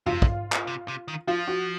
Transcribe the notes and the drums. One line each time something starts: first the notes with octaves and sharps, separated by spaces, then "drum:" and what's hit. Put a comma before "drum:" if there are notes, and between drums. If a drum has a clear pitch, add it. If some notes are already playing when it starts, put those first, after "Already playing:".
C3 F4, drum: tom F2
drum: kick
drum: clap
C3
C3
D#3
F3 F4
F#4